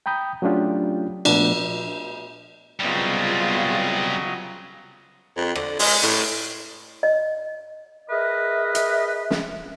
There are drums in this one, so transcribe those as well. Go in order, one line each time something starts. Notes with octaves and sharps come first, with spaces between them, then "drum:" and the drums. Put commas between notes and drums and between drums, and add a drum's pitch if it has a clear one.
G5 A#5 B5 D#6 G6
F#3 A3 C#4 D4 F4 G4
A#2 F3 A3 B3 D4, drum: cymbal
C2 C#3 F#3 G3 B3 F4 G#4 D#5
F2
D3, drum: rim click
G#3, drum: open hi-hat
A2
D#5
G#4 A#4 B4 D#5 E5
drum: hi-hat
drum: snare